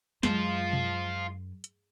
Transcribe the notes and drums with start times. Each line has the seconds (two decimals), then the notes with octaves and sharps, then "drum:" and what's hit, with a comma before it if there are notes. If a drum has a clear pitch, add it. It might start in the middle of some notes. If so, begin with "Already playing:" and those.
0.23 F#2 G#3 F4 C5, drum: snare
0.73 drum: tom B2
1.64 drum: hi-hat